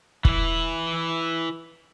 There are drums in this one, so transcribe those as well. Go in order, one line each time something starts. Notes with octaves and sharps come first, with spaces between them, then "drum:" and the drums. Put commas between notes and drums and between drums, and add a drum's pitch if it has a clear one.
E3 E4, drum: kick